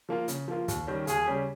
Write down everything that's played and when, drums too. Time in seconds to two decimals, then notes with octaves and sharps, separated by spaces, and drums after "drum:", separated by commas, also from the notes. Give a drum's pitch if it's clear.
0.09 F3 A#3 F4
0.28 C#3, drum: hi-hat
0.48 F3 A#3 F4
0.68 D#2, drum: kick, hi-hat
0.87 D#3 G3 C#4
1.07 D#2 G#4, drum: hi-hat
1.26 C#3 G3 C#4 G4